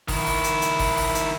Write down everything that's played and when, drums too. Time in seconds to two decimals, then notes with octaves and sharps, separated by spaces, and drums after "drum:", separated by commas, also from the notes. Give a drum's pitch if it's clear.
0.08 D#3 E4, drum: kick G1, open hi-hat
0.26 drum: open hi-hat
0.44 drum: hi-hat
0.62 drum: hi-hat
0.79 drum: kick G1, open hi-hat
0.97 drum: open hi-hat
1.15 drum: hi-hat